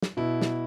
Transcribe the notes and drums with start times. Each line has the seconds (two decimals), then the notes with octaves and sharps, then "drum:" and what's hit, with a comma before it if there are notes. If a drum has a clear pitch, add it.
0.02 drum: snare
0.17 B2 E4
0.42 drum: snare